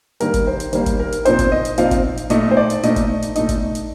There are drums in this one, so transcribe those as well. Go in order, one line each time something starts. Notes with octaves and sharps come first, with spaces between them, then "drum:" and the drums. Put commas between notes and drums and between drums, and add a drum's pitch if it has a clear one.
D#3 G3 A#3 A#4, drum: hi-hat
drum: kick, hi-hat
C5
drum: hi-hat
D#3 G3 A#3 C5, drum: hi-hat
drum: kick, hi-hat
A#4
drum: hi-hat
A#2 F3 C4 D#4 C5, drum: hi-hat
drum: kick, hi-hat
D#5
drum: hi-hat
A#2 F3 C4 D#4 F5, drum: hi-hat
drum: kick, hi-hat
drum: hi-hat
A#2 A3 D#4 D#5, drum: hi-hat
C5
D5
drum: hi-hat
A#2 A3 D#4 D#5, drum: hi-hat
drum: kick, hi-hat
drum: hi-hat
A#2 A3 D#4 D#5, drum: hi-hat
drum: kick, hi-hat
drum: hi-hat